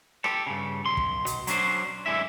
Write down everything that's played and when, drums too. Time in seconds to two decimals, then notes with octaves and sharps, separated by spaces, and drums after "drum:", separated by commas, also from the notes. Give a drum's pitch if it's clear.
0.24 G4 A4, drum: rim click
0.47 G2 C#3
0.86 B1 C6
0.97 drum: kick
1.26 B2, drum: hi-hat
1.47 F#3 C#4 D4 C5, drum: hi-hat
2.06 F#2 D3 G#3 E4 E5